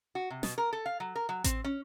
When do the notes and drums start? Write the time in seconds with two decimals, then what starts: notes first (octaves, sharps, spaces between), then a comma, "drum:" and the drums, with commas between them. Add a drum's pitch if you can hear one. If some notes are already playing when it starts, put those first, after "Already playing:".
0.15 F#4
0.30 C3
0.43 B2, drum: snare
0.58 A#4
0.73 A4
0.86 F5
1.00 F#3
1.15 A#4
1.29 F#3
1.44 C4, drum: kick A1, hi-hat
1.64 C#4